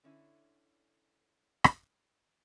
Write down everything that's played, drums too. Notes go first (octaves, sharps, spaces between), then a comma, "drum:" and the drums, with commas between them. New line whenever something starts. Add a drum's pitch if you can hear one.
D3 C#4 E4
drum: rim click